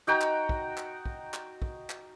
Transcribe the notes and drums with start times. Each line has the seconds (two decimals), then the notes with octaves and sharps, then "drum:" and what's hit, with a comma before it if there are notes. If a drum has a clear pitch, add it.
0.07 D#4 F#4 G5 A#5
0.21 drum: clap
0.49 drum: kick
0.77 drum: clap
1.06 drum: kick
1.34 drum: clap
1.62 drum: kick
1.90 drum: clap